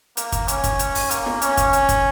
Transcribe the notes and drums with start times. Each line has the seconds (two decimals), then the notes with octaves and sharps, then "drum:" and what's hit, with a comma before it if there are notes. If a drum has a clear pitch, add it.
0.17 A#3, drum: hi-hat
0.32 drum: kick, hi-hat
0.48 C#4, drum: hi-hat
0.64 drum: kick, hi-hat
0.79 drum: hi-hat
0.95 drum: open hi-hat
1.11 A#3, drum: hi-hat
1.26 drum: snare
1.42 C#4, drum: hi-hat
1.57 drum: kick, hi-hat
1.73 drum: hi-hat
1.89 drum: kick, hi-hat